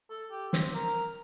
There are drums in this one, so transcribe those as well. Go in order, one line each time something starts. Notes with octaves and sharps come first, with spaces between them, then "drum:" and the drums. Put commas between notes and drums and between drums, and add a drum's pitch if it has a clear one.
A4
G4
C4, drum: snare
A#4